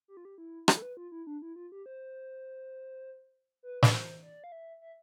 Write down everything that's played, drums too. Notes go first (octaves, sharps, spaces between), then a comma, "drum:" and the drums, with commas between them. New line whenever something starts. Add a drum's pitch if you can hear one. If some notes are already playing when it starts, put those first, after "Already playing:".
G4
F4
G4
E4
F4, drum: rim click
A4
B4
F4
E4
D4
E4
F4
G4
C5
B4
B4, drum: snare
C5
D5
F5
E5
E5